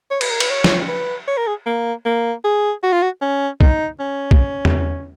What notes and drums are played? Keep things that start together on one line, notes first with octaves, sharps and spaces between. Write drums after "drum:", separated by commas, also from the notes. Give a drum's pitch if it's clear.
C#5
B4, drum: cymbal
A#4
B4, drum: cymbal
C#5
drum: snare
B4
C#5
A#4
G#4
A#3
A#3
G#4
F#4
F4
F#4
C#4
D#4, drum: kick
C#4
drum: kick
drum: tom E2